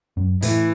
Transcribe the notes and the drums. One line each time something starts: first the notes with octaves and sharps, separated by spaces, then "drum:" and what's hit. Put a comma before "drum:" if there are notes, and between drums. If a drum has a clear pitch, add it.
F#2
A2 E3, drum: hi-hat